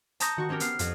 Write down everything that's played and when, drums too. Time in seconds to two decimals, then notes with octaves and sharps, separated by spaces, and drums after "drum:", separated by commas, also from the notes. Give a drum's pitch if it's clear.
0.20 A5 A#5 C#6 D#6 G6 A#6, drum: hi-hat
0.37 D#3 F#4 C#6
0.49 C4 C#4 F#4 G4 A#4
0.60 B3 F6 C7, drum: hi-hat
0.79 F2, drum: hi-hat